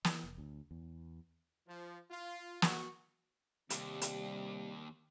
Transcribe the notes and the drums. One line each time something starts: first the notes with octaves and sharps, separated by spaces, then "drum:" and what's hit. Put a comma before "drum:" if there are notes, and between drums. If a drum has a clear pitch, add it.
E3, drum: snare
F1
D2
E2
F3
F4
F#4, drum: snare
D#2 C3 G3, drum: hi-hat
drum: hi-hat